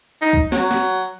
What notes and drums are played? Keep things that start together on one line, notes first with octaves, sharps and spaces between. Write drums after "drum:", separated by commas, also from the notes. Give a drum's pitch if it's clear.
D#4
drum: kick C2
F#3, drum: snare
drum: snare